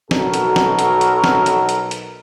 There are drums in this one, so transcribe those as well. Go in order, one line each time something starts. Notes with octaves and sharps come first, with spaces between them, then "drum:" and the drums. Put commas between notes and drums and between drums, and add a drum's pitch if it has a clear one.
B1 B2 F#3 A4 A#4, drum: snare
drum: hi-hat
drum: snare
drum: hi-hat
drum: hi-hat
drum: snare
drum: hi-hat
drum: hi-hat
drum: hi-hat